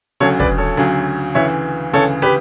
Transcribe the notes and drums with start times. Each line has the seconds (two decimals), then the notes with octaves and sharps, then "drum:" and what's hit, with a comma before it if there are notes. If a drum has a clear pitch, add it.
0.20 D2 C#3 F#3 A4 C#5
0.40 B4 D5, drum: kick
0.58 A4 C#5
0.77 D2 C#3 F#3
1.35 D2 C#3 E3 C#5 E5
1.93 D2 C#3 E3 A4 C#5
2.22 G4 B4